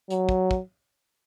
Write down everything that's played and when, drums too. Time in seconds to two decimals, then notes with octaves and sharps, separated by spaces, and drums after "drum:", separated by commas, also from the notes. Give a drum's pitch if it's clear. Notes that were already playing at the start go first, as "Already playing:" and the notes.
0.10 F#3, drum: hi-hat
0.29 drum: kick
0.51 drum: kick